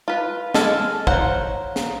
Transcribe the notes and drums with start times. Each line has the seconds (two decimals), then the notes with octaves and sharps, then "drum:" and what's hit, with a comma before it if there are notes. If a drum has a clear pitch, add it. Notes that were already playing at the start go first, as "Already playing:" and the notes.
0.08 F4 B4
0.54 G#3 A4 F6, drum: snare
1.07 C5 C#5 F5 F#5 A#5, drum: kick
1.76 drum: snare